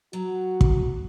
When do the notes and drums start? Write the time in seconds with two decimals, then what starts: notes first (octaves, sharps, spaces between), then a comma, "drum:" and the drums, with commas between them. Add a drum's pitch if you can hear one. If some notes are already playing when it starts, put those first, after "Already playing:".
0.13 F#3 F#4
0.61 drum: kick